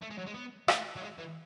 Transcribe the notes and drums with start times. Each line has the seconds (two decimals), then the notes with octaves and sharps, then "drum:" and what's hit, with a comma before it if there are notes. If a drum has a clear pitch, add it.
0.02 A3
0.11 G#3
0.18 F#3
0.27 G#3
0.35 B3
0.68 A3, drum: rim click
0.96 F#3
1.02 G#3
1.18 E3